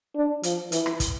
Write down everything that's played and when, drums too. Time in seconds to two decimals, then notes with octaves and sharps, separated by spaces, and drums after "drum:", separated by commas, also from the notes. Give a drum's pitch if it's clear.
0.16 D4
0.43 F3, drum: hi-hat
0.72 E3, drum: hi-hat
0.86 drum: rim click
1.00 drum: kick, hi-hat